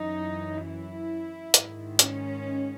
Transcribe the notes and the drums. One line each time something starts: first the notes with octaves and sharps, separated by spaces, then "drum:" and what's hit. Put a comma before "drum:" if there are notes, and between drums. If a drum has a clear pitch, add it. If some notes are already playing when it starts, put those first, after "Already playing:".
Already playing: F#2 E3 D#4
E4
G#2 D#3, drum: hi-hat
C#4, drum: hi-hat